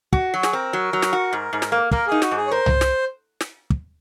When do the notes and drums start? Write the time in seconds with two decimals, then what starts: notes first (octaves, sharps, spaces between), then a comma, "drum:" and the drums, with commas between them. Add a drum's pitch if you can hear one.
0.13 F#4, drum: kick
0.33 F#3 F#4
0.43 G#4, drum: snare
0.53 C4 A#4
0.73 F#3
0.93 F#3
1.02 drum: snare
1.13 F#4
1.33 G#2
1.53 G#2
1.62 drum: snare
1.72 A#3
1.91 A#3 A#4, drum: kick
2.07 D#4 G#4
2.22 F#4, drum: snare
2.32 G#2 G#4
2.47 C#5
2.51 A#4 C5
2.66 drum: tom C2
2.81 drum: snare
3.41 drum: snare
3.70 drum: kick